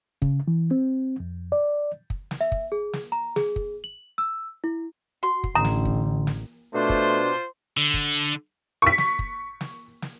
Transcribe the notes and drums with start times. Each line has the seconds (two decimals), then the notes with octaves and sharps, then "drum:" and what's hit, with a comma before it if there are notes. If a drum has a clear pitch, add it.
0.22 C#3, drum: kick
0.48 E3
0.71 C4
1.20 F2
1.52 D5
2.10 drum: kick
2.31 drum: snare
2.41 E5
2.52 drum: kick
2.72 G#4
2.93 drum: snare
3.12 A#5
3.36 G#4, drum: snare
3.56 drum: kick
3.84 F#7
4.18 E6
4.64 E4
5.23 F#4 C6
5.44 drum: kick
5.55 A1 D3 A#5
5.64 drum: snare
5.85 drum: kick
6.27 drum: snare
6.75 B2 A3 D4 F4 C5
6.90 drum: kick
7.77 D3
7.94 drum: kick
8.82 C#6 B6
8.98 drum: snare
9.19 drum: kick
9.61 drum: snare
10.02 drum: snare